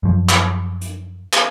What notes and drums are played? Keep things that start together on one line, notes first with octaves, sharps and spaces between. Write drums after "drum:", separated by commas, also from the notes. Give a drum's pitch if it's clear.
F#2 F3
drum: clap
drum: hi-hat
drum: clap